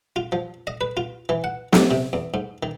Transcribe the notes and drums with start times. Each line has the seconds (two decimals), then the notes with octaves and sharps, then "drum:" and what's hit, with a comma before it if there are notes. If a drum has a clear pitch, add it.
0.16 F4
0.32 F3
0.67 D#5
0.81 B4
0.97 F4
1.29 E3
1.44 F#5
1.73 A2, drum: snare
1.91 C3
2.13 E2
2.34 G#2
2.63 D#3